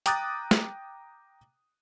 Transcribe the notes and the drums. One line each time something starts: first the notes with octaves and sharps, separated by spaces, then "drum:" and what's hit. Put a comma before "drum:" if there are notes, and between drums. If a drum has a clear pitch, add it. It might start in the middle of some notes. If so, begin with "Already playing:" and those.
G5 A#5 D6 D#6 F#6 A6, drum: hi-hat
drum: snare